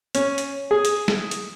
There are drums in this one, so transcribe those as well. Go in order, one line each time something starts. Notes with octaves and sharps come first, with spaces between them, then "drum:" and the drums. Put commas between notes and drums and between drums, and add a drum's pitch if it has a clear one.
C#4, drum: hi-hat
drum: hi-hat
G#4
drum: hi-hat
drum: snare
drum: hi-hat